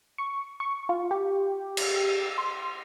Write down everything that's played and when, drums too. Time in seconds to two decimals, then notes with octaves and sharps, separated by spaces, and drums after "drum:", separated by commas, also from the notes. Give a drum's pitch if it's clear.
0.18 C#6
0.60 C#6
0.89 F4
1.11 G4
1.77 drum: cymbal
2.38 C6